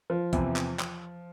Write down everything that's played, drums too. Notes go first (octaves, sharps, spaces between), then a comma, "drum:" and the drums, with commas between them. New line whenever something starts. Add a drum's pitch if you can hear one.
F3
E2 C3 E3, drum: kick B1, hi-hat
drum: clap
drum: clap